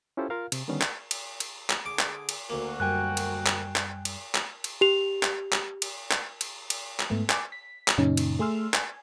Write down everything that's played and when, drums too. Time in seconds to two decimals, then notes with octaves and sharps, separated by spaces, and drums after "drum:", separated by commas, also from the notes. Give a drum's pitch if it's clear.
0.17 C#4 E4 F4 G4 A4 C5
0.30 F4 A#4 F5
0.52 C3, drum: cymbal
0.68 D3 D#3 G3 B3 C#4
0.82 drum: clap
1.11 drum: cymbal
1.40 drum: cymbal
1.70 drum: clap
1.86 D3 G#4 D6
1.99 drum: clap
2.29 drum: cymbal
2.50 D2 A#3 F#4 A#4
2.80 F#2 G3 G5 G#5 F#6
3.17 drum: cymbal
3.46 drum: clap
3.76 drum: clap
4.05 drum: cymbal
4.35 drum: clap
4.64 drum: cymbal
4.81 G4 F7
5.23 drum: clap
5.53 drum: clap
5.82 drum: cymbal
6.11 drum: clap
6.41 drum: cymbal
6.70 drum: cymbal
7.00 drum: clap
7.10 G#2 A3 B3
7.30 G#5 D6, drum: clap
7.52 B6
7.88 drum: clap
7.98 F#2 A#2 C#3 C#4 D#4
8.17 drum: cymbal
8.39 A3 G#4 C6 E6 F6
8.74 G#5, drum: clap